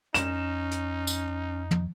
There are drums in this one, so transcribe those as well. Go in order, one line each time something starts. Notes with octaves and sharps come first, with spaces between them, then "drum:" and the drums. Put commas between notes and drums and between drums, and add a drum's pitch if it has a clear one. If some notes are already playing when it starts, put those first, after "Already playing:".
F2 C#4 D#4 E7, drum: hi-hat
drum: hi-hat
drum: tambourine
drum: tom